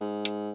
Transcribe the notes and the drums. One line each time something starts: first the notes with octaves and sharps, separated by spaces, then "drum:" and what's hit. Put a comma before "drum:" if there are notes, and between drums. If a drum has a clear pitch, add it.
G#2
drum: hi-hat